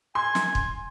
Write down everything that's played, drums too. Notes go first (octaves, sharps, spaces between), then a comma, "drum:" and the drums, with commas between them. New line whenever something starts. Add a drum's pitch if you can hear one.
G#5 C6
drum: snare
drum: kick